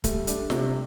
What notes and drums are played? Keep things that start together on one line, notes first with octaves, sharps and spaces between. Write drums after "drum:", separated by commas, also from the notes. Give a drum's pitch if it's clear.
G3 A3, drum: kick D1, hi-hat
D4, drum: hi-hat
C3, drum: snare